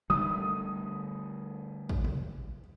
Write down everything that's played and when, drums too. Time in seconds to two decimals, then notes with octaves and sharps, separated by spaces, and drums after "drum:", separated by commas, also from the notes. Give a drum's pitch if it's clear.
0.10 D3 G3 A3 D#6
1.89 drum: kick
2.04 drum: tom